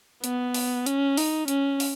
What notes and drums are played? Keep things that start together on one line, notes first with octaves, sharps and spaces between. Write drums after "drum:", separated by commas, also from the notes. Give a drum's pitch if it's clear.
B3, drum: hi-hat
drum: open hi-hat
C#4, drum: hi-hat
D#4, drum: open hi-hat
C#4, drum: hi-hat
drum: open hi-hat